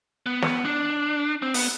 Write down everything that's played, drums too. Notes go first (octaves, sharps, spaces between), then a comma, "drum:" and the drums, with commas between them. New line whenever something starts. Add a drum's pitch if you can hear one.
B3
drum: snare
D4
C4
B3, drum: open hi-hat